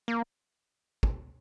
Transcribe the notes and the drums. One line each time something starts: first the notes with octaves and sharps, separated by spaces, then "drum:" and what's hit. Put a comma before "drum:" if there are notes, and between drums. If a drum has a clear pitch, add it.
A#3
drum: kick